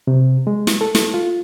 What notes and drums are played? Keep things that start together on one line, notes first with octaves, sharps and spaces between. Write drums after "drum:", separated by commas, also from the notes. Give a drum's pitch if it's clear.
C3
G#3
drum: snare
A4
drum: snare
F4